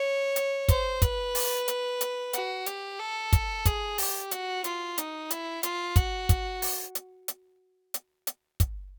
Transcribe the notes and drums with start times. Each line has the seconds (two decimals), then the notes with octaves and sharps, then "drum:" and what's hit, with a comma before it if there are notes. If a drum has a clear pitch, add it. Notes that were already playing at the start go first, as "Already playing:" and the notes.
Already playing: C#5
0.36 drum: hi-hat
0.68 C5, drum: kick, hi-hat
1.02 B4, drum: kick, hi-hat
1.35 drum: open hi-hat
1.68 drum: hi-hat
2.01 drum: hi-hat
2.33 F#4, drum: hi-hat
2.66 G4, drum: hi-hat
3.00 A4
3.33 drum: kick, hi-hat
3.65 G#4, drum: kick, hi-hat
3.98 G4, drum: open hi-hat
4.31 F#4, drum: hi-hat
4.64 F4, drum: hi-hat
4.98 D#4, drum: hi-hat
5.30 E4, drum: hi-hat
5.63 F4, drum: hi-hat
5.96 F#4, drum: kick, hi-hat
6.29 drum: kick, hi-hat
6.62 drum: open hi-hat
6.95 drum: hi-hat
7.28 drum: hi-hat
7.94 drum: hi-hat
8.27 drum: hi-hat
8.60 drum: kick, hi-hat